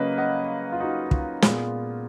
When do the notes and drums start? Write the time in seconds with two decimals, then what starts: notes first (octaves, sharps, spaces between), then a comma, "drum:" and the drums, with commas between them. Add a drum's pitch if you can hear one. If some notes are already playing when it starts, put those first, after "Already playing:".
Already playing: C#3 F#3 A#3 C#4 B4 D#5
0.18 D#5 F#5
0.72 F4
0.80 D#4 F#4
1.11 F4, drum: kick
1.42 A#2 G#3 B3 F4, drum: snare